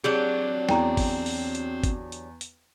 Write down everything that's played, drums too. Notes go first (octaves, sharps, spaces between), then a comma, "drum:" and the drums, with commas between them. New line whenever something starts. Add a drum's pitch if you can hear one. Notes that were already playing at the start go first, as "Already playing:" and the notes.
F#3 C4 D4 G4 G#4 C#5 F#7
E2 G5 A#5, drum: snare
drum: kick G1, open hi-hat
drum: open hi-hat
drum: hi-hat
drum: kick G1, hi-hat
drum: hi-hat
drum: hi-hat